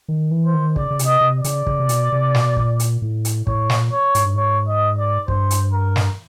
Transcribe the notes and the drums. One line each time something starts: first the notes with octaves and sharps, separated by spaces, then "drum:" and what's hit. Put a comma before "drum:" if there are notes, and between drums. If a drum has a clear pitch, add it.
D#3
E3
C5
D#3
C#3 D5, drum: kick
C#3
C3, drum: hi-hat
D#5
C3
D5
C#3, drum: hi-hat
C#3, drum: kick
C3
B2, drum: hi-hat
C3
B2, drum: snare
A#2, drum: kick
drum: hi-hat
A2
drum: hi-hat
A2 C#5, drum: kick
A#2, drum: snare
C#5
G#2, drum: hi-hat
G2
G#2 C#5
D#5
D5
G2 C5, drum: kick
drum: hi-hat
A#4
drum: snare